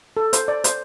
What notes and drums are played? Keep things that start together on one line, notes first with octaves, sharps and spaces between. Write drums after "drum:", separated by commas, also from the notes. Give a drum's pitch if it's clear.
A4
C5, drum: hi-hat
D5
C5, drum: hi-hat